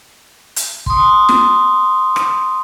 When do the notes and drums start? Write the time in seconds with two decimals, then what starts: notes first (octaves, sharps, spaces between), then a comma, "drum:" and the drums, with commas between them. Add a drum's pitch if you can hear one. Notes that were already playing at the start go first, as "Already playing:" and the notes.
0.56 drum: hi-hat
0.86 C6 D#6, drum: kick
1.29 drum: snare
2.16 drum: rim click